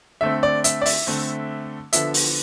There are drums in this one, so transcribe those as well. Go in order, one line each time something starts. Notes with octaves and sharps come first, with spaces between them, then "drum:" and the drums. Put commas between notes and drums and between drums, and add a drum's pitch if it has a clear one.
D3 A3 C4 E5
D5
E5, drum: hi-hat
D5
E5, drum: open hi-hat
D3 A3 C4
D3 F3 B3 E5, drum: hi-hat
drum: open hi-hat